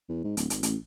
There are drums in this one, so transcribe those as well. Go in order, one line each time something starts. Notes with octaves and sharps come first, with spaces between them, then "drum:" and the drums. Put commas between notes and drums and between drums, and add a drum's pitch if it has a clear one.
E2
G#2
D1, drum: hi-hat
G#1, drum: hi-hat
A1, drum: hi-hat